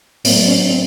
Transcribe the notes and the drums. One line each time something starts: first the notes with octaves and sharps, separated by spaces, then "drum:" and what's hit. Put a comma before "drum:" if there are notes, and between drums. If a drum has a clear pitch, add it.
A2 A#3 C4, drum: open hi-hat
F#3
A3 B3
B3 C#4
C4 D4
F#3 C4